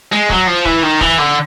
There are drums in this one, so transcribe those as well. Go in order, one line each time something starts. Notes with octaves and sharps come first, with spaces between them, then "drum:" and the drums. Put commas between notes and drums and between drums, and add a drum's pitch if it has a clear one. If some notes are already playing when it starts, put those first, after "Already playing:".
G#3
F#3, drum: kick
F3
E3, drum: kick
D#3
E3, drum: kick
D3